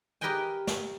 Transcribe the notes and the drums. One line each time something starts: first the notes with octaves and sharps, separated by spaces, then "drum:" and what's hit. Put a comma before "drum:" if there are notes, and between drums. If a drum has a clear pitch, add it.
G4 A#4 B4 D#5 G5 G#5
drum: snare